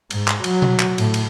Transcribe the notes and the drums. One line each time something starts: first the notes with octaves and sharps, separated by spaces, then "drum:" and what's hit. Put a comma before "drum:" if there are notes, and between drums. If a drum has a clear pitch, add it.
G#2, drum: cymbal
drum: clap
F#3, drum: cymbal
drum: tom B2
drum: clap
A2, drum: cymbal
drum: cymbal